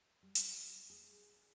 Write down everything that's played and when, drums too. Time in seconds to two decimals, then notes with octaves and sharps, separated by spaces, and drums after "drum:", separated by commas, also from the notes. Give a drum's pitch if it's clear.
0.23 G3
0.35 drum: hi-hat
0.90 G#4